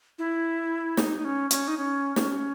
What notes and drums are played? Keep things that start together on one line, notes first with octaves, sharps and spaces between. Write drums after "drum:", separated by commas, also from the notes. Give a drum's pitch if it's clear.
E4
D#4, drum: snare
D#4
C#4
C#4, drum: hi-hat
D#4
C#4
C#4, drum: snare